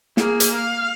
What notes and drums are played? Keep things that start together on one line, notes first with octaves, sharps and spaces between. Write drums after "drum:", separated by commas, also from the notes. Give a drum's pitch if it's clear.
A#3 G#4, drum: snare
drum: hi-hat
F5